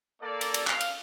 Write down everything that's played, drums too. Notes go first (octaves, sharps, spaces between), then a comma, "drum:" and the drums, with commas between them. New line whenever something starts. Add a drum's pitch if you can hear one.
A#3 A4 D5
drum: cymbal
drum: cymbal
F5, drum: clap
drum: cymbal